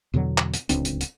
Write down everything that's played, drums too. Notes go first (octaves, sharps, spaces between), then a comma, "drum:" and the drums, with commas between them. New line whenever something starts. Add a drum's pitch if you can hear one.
E2 B2 D3 F#3
drum: clap
drum: hi-hat
D1 C#2 C4 D4, drum: hi-hat
drum: hi-hat
drum: hi-hat